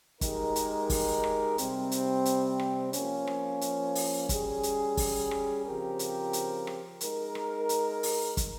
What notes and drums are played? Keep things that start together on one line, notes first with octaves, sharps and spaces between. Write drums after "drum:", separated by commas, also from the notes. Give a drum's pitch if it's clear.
G#3 D#4 G4 A#4, drum: kick, hi-hat
drum: hi-hat
drum: kick, open hi-hat
drum: rim click
C3 G3 C4, drum: hi-hat
drum: hi-hat
drum: hi-hat
drum: rim click
F3 A#3 C#4, drum: hi-hat
drum: rim click
drum: hi-hat
drum: open hi-hat
G3 C#4 G#4, drum: kick, hi-hat
drum: hi-hat
drum: kick, open hi-hat
drum: rim click
C#3 F3 C4 G4 A#4
drum: hi-hat
drum: hi-hat
drum: rim click
G#3 D#4 A#4, drum: hi-hat
drum: rim click
drum: hi-hat
drum: open hi-hat
drum: kick, hi-hat